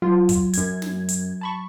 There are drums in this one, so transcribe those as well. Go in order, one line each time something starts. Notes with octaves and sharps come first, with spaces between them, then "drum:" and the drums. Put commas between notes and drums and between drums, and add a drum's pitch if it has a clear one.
F#3 F4
drum: kick, hi-hat
F#2 G#6, drum: hi-hat
drum: snare
drum: hi-hat
A5 B5 C#6